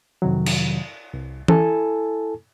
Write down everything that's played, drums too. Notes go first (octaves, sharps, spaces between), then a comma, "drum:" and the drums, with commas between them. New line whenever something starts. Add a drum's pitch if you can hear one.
F2 C3 D#3 F#3
drum: cymbal
C2
E4 A4 G#5 A5, drum: tom E3